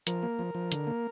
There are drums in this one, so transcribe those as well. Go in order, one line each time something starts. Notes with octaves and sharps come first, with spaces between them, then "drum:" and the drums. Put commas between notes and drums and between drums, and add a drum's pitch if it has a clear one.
F3 A#4, drum: hi-hat
A#3
F3
F3
D3, drum: hi-hat
A#3